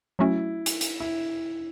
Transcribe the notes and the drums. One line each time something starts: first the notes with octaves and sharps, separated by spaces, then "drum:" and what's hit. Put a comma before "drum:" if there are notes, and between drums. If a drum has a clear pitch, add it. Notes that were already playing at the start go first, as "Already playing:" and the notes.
F#3 A3 C#4 E4 F#4
drum: hi-hat
drum: hi-hat
E4